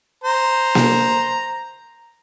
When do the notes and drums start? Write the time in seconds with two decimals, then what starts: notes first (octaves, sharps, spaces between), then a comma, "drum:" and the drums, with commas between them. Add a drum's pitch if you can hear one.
0.24 C5 A#5
0.75 drum: snare A#3